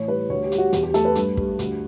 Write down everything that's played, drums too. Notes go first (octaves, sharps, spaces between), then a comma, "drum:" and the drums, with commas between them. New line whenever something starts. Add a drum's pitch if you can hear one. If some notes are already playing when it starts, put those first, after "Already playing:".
Already playing: A2 E3 C#5
G3 B4
D2 C#5
G4
G3, drum: hi-hat
F#4
E2 G4, drum: hi-hat
G4
A3 A4, drum: hi-hat
B4
G2, drum: hi-hat
G3, drum: kick
D2, drum: hi-hat